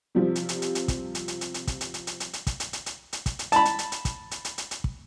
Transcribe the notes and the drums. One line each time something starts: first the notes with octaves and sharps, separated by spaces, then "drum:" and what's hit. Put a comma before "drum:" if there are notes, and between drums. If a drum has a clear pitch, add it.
C3 F3 G3
drum: hi-hat
drum: hi-hat
drum: hi-hat
drum: hi-hat
drum: kick, hi-hat
drum: hi-hat
drum: hi-hat
drum: hi-hat
drum: hi-hat
drum: kick, hi-hat
drum: hi-hat
drum: hi-hat
drum: hi-hat
drum: hi-hat
drum: hi-hat
drum: kick, hi-hat
drum: hi-hat
drum: hi-hat
drum: hi-hat
drum: hi-hat
drum: kick, hi-hat
drum: hi-hat
A5 B5, drum: hi-hat
drum: hi-hat
drum: hi-hat
drum: hi-hat
drum: kick, hi-hat
drum: hi-hat
drum: hi-hat
drum: hi-hat
drum: hi-hat
drum: kick